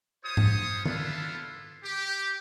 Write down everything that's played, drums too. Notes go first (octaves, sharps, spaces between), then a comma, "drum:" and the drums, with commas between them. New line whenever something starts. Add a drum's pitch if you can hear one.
F4 G4 C5 C#5 D#6
drum: tom G#2
B3 D4 E4 F4 A4 B4, drum: tom D#3
G4